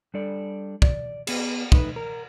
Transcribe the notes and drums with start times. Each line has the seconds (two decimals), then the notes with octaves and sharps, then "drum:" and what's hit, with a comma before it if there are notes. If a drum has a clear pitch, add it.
0.14 G3 D4 A4 D5
0.82 D5, drum: kick
1.27 B3 G#4, drum: cymbal
1.72 A3 D#4 B4, drum: kick
1.96 A#4